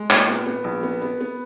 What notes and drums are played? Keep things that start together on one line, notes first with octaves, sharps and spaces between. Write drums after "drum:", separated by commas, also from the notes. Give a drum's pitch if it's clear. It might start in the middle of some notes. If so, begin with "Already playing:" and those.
Already playing: G#3
A#2, drum: clap
B3
B3
A#1
B3
B3
B3